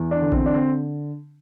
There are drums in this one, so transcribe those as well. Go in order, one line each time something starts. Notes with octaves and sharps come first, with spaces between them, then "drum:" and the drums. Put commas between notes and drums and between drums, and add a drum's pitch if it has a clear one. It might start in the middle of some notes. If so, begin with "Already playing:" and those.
Already playing: E2
D4
D3
C4, drum: kick A#1
D4
D3 C4